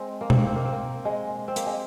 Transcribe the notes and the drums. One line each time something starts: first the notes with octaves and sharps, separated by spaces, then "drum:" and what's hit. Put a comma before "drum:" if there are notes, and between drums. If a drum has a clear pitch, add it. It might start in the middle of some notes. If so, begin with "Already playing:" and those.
Already playing: G#3 C4
A#3
C4, drum: tom B2
A#3
C4
A#3
C4
A#3
G#3
C4
A#3, drum: hi-hat
G#3